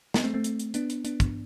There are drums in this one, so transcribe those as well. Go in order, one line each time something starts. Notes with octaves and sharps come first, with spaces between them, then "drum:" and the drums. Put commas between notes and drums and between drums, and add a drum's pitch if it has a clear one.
G3 B3, drum: snare
A3 C4
A3 C4
drum: hi-hat
drum: hi-hat
B3 D4, drum: hi-hat
drum: hi-hat
B3 D4, drum: hi-hat
drum: kick, hi-hat